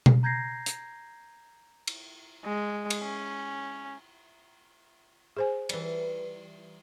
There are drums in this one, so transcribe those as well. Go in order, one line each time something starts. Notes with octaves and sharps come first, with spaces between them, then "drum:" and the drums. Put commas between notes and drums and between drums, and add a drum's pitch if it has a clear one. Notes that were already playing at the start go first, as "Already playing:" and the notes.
drum: tom B2
A#5 G6 G#6 A#6 C7
drum: hi-hat
drum: cymbal
G#3
drum: cymbal
C#4
G#4 C5 G#5
E3 G3, drum: cymbal